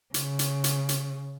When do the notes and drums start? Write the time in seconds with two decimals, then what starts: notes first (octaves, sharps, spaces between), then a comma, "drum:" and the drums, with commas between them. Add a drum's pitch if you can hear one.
0.14 C#3, drum: hi-hat
0.39 drum: hi-hat
0.64 drum: hi-hat
0.89 drum: hi-hat